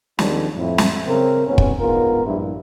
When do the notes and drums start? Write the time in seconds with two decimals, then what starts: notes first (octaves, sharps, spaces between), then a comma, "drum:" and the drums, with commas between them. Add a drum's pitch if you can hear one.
0.19 D#2 D#3 F3 G#3 C4 D4, drum: snare
0.56 F2 A2 E4
0.78 drum: snare
1.06 C#3 C4 A#4
1.47 A1 G#2 B3 C#4
1.58 drum: kick
1.80 D2 G#2 B3 F4 A#4
2.25 A#1 G2 E4